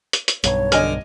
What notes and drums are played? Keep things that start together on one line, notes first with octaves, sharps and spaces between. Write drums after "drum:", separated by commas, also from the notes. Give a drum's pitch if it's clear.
drum: hi-hat
drum: hi-hat
B1 G2 C#5, drum: hi-hat
D3 D#5 G#5 F6, drum: hi-hat